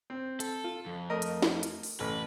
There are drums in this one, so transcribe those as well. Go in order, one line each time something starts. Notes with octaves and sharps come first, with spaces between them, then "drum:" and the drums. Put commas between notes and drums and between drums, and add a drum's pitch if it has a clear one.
C4
A4, drum: hi-hat
F4
F2
A3 A#4 D#5
drum: hi-hat
drum: snare
drum: hi-hat
drum: open hi-hat
A1 B4